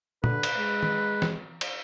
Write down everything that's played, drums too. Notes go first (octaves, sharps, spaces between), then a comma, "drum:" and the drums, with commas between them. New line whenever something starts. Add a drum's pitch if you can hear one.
D3 B4, drum: tom
drum: cymbal
G#3
drum: tom
drum: snare E3
drum: cymbal